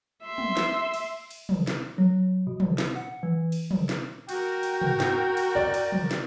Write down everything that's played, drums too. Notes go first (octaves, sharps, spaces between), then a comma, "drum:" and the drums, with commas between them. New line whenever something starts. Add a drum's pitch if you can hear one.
E5 C6
drum: tom
drum: snare
drum: cymbal
drum: cymbal
drum: tom
drum: snare
F#3
B2
drum: tom
drum: snare
F#5
E3
drum: cymbal
drum: tom
drum: snare
F#4 A#4 G5, drum: cymbal
drum: cymbal
drum: tom
drum: snare
drum: cymbal
D5
drum: cymbal
drum: tom
drum: snare